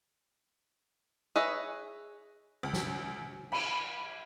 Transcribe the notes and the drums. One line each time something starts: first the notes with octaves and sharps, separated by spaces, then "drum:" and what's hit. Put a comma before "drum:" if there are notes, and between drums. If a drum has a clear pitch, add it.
G#4 B4 C#5 D#5 E5
C#2
drum: snare
B5, drum: cymbal